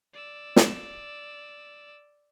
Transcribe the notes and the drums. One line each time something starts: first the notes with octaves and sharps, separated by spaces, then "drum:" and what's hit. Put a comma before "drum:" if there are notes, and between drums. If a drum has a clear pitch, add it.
D5 E6
drum: snare